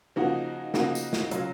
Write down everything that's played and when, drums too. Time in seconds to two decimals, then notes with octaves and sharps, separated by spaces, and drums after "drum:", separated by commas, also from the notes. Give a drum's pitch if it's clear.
0.16 C#3 F3 A#3 D#4 F#4
0.74 C#3 F3 A#3 D#4 F#4, drum: snare
0.95 drum: tambourine
1.13 drum: snare
1.31 C#3 F#3 C#4 F4, drum: hi-hat